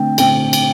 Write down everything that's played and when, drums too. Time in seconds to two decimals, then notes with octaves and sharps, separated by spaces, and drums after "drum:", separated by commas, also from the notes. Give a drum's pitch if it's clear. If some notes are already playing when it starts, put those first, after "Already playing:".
Already playing: D3 A3 C4 G5
0.18 D3 A3 C4 G5, drum: cymbal
0.53 drum: cymbal